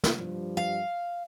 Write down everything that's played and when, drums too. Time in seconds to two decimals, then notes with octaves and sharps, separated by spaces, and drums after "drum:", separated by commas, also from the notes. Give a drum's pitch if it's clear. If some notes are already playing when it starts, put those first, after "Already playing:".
0.04 drum: snare
0.14 G2 F3 G3
0.57 F5